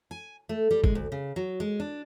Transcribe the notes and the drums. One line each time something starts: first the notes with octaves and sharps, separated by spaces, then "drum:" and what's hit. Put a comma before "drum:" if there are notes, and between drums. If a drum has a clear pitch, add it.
G#5
A3
G3
G#3, drum: kick
D2
C#3
F#3
G#3
D4